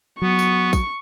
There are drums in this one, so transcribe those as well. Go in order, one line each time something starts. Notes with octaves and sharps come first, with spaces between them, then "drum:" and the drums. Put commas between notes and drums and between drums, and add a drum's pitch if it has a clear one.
F#3 B3 C#6
drum: tambourine
drum: kick, tambourine